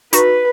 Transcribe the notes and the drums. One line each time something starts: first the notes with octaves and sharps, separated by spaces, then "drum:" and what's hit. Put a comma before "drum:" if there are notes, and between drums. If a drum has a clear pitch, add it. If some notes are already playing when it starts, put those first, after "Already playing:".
D#4 F#4 B4, drum: hi-hat